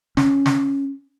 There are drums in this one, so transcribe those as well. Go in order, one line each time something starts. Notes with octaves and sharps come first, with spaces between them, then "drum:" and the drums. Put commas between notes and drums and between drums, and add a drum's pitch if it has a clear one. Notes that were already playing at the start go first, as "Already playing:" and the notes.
C#4, drum: snare
drum: snare